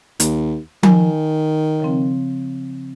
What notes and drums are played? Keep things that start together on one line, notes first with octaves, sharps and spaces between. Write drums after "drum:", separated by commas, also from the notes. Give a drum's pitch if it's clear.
D#2, drum: hi-hat
D#3 G#5, drum: tom F3
C#3 F3 C4